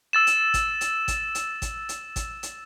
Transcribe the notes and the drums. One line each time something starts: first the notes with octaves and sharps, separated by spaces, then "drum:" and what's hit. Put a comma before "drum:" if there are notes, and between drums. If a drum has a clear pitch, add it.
E6 A6 E7
drum: hi-hat
drum: kick G#1, hi-hat
drum: hi-hat
drum: kick G#1, hi-hat
drum: hi-hat
drum: kick G#1, hi-hat
drum: hi-hat
drum: kick G#1, hi-hat
drum: hi-hat